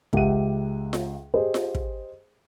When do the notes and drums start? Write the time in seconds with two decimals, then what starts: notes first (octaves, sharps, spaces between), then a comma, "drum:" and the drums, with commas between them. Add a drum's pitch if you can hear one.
0.13 C#2 G4 E5 F#5 D#7, drum: kick
0.93 drum: snare F4
1.34 G4 G#4 C5 D#5
1.54 drum: snare F4
1.75 drum: kick